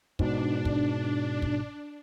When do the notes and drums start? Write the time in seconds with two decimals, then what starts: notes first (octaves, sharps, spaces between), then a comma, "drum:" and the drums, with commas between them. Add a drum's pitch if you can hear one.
0.19 G#2 B2 D4, drum: kick
0.65 drum: kick
1.42 drum: kick